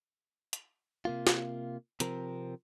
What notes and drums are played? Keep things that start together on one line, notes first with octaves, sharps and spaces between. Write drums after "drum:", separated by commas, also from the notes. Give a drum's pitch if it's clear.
drum: hi-hat
C3 A#3 F4
drum: snare
C3 F3 C4 A#4, drum: hi-hat